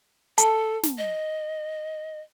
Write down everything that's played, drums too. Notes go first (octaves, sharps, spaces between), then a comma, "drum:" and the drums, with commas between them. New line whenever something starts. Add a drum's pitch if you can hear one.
A4 A5, drum: hi-hat
drum: snare
D#5